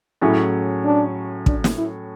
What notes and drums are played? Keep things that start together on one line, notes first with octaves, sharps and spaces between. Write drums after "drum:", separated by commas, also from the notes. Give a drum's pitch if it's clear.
A2 F#3 C#4 E4 G#4
D4
D4, drum: kick
drum: snare
E4